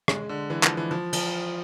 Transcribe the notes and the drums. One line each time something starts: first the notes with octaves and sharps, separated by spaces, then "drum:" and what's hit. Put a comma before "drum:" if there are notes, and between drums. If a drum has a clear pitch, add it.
G#3, drum: rim click
D3
E3
F3, drum: clap
E3
F3
F3, drum: cymbal